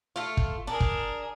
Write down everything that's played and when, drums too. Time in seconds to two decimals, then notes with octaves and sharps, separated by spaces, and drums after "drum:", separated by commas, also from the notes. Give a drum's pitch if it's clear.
0.16 A3 F4
0.37 drum: kick
0.67 D4 G#4 A#4
0.80 drum: kick